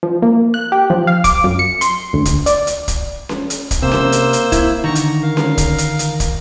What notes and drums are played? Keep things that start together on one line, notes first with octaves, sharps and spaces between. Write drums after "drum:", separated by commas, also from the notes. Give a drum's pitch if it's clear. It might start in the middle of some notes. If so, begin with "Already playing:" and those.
F3
A#3
F#6
G4
F3
F5
D6, drum: kick, hi-hat
F#2
C#7
C6, drum: hi-hat
D2
drum: kick, hi-hat
D5, drum: hi-hat
drum: hi-hat
drum: kick, hi-hat
drum: snare C#4
drum: hi-hat
drum: kick, hi-hat
C3 A#3 C5 E6
drum: snare C#4
drum: hi-hat
drum: hi-hat
E4, drum: kick, hi-hat
D3 D#3 A#5 C#6
drum: hi-hat
A#4 F5
drum: snare C#4
drum: kick, hi-hat
drum: hi-hat
drum: hi-hat
drum: kick, hi-hat